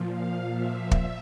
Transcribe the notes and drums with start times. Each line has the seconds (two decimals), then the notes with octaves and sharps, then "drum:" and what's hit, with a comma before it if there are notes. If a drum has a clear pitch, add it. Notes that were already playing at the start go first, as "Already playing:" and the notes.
Already playing: A#2 F3
0.11 F5
0.52 E5
0.91 drum: kick